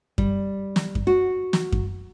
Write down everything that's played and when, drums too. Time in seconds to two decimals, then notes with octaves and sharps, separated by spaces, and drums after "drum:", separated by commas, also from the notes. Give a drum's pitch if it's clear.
0.18 G3, drum: kick F#2
0.76 drum: snare
0.95 drum: kick F#2
1.07 F#4
1.53 drum: snare
1.72 drum: kick F#2